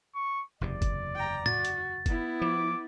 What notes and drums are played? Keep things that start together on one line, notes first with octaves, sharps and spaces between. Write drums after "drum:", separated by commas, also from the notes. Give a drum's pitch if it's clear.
C#6
F#1 E2 C3 D5
drum: kick F#1, hi-hat
G5 A#5
F#4 A6, drum: tom A2
drum: hi-hat
B3 E4, drum: kick F#1, hi-hat
F3 D6